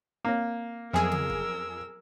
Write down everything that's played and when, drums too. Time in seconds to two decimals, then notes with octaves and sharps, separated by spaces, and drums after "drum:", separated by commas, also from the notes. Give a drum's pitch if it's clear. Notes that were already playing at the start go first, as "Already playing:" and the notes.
0.25 A#3 C4 C#5
0.93 F2 F#3 B3 G#4 A#4 G#5 E6
1.12 drum: tom C#3
1.30 drum: kick